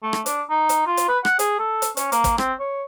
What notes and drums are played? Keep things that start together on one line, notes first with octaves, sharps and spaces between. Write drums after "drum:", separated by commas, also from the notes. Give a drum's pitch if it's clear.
A3
drum: rim click
D4, drum: hi-hat
D#4
drum: hi-hat
F4
drum: hi-hat
B4
F#5, drum: rim click
G#4, drum: hi-hat
A4
drum: hi-hat
C#4, drum: hi-hat
A#3, drum: hi-hat
drum: kick, hi-hat
C4, drum: rim click
C#5